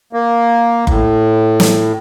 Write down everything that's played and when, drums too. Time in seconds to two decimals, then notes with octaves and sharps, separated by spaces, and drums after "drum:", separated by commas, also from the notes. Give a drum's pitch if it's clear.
0.13 A#3
0.87 A2, drum: kick F#1
1.60 drum: snare